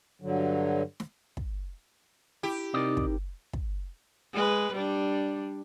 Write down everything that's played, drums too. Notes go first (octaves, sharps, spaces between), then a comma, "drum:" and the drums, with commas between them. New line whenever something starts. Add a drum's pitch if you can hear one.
G2 D3 F#3
drum: snare
drum: kick
E4 G4
C3 C4 D#4 A#4 D5 D#5
drum: kick
drum: kick
G#3 B4
G3 D4